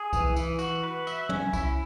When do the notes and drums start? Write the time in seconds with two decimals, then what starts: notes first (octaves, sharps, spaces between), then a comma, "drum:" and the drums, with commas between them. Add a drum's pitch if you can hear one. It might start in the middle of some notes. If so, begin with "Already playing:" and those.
Already playing: G#4
0.13 E3, drum: kick C2, tambourine
0.36 E3, drum: tambourine
0.59 F#4, drum: tambourine
0.83 B4
1.07 E5, drum: tambourine
1.29 C#4, drum: tom
1.53 E4, drum: kick C2, tambourine